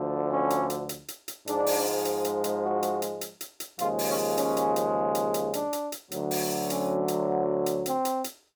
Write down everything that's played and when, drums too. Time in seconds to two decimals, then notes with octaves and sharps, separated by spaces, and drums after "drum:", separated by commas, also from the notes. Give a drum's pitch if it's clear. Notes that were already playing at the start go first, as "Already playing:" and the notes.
Already playing: D2 D3 F3
0.31 C#4
0.50 drum: hi-hat
0.70 drum: hi-hat
0.89 drum: hi-hat
1.08 drum: hi-hat
1.28 drum: hi-hat
1.47 G#2 F3 G#3 D4, drum: hi-hat
1.66 drum: open hi-hat
2.05 drum: hi-hat
2.25 drum: hi-hat
2.44 drum: hi-hat
2.64 F#4
2.83 drum: hi-hat
3.02 drum: hi-hat
3.21 drum: hi-hat
3.41 drum: hi-hat
3.60 drum: hi-hat
3.79 D#2 C#3 F3 G#3 F4, drum: hi-hat
3.99 drum: open hi-hat
4.08 C#4
4.37 C#4, drum: hi-hat
4.57 drum: hi-hat
4.76 drum: hi-hat
5.15 drum: hi-hat
5.34 drum: hi-hat
5.54 D4, drum: hi-hat
5.73 drum: hi-hat
5.92 drum: hi-hat
6.11 D2 D3 F#3, drum: hi-hat
6.31 drum: open hi-hat
6.70 C#4, drum: hi-hat
7.08 drum: hi-hat
7.66 drum: hi-hat
7.86 C4, drum: hi-hat
8.05 drum: hi-hat
8.24 drum: hi-hat